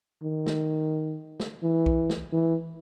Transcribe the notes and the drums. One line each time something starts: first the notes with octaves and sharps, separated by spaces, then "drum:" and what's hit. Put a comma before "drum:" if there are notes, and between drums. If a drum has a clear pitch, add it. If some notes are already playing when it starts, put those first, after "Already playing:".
D#3
drum: snare
drum: snare
E3
drum: kick
drum: snare
E3